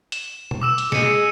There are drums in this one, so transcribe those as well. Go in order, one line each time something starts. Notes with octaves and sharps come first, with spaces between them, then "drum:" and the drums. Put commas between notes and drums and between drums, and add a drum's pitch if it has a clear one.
E7, drum: hi-hat
drum: tom B2
D6 E6 E7
drum: hi-hat
G#4 D#5 C#7 D#7, drum: snare